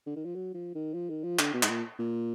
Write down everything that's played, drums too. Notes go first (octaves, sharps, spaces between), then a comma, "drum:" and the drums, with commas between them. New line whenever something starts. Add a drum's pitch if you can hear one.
D3
D#3
F3
F#3
F3
D#3
F3
D#3
F3
D3, drum: clap
B2
G#2, drum: clap
A#2
A#2